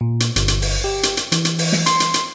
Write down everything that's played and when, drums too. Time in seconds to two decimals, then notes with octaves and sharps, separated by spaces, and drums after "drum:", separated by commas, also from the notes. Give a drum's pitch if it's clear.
0.01 A#2
0.20 drum: hi-hat
0.36 G1, drum: hi-hat
0.48 drum: hi-hat
0.62 drum: open hi-hat
0.84 G4
1.03 drum: hi-hat
1.17 drum: hi-hat
1.32 E3, drum: hi-hat
1.45 drum: hi-hat
1.59 drum: open hi-hat
1.72 drum: snare
1.86 C6, drum: hi-hat
2.00 drum: hi-hat
2.14 drum: hi-hat